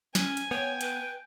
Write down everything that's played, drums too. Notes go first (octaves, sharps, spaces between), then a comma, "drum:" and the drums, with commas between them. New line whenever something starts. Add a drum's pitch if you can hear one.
C#4 G#5, drum: snare
drum: hi-hat
B3 C#5 G5
B4, drum: hi-hat